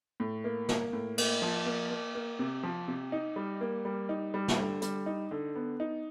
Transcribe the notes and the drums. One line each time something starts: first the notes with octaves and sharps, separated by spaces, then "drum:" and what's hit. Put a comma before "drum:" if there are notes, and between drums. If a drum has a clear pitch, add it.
A2
A#3
A#3, drum: snare
A2
A#3, drum: cymbal
F3
A#3
A#3
A#3
C3
F3
C3
D#4
G3
A#3
G3
D#4
G3
drum: snare
D3
G3, drum: hi-hat
D#4
D3
B3
D#4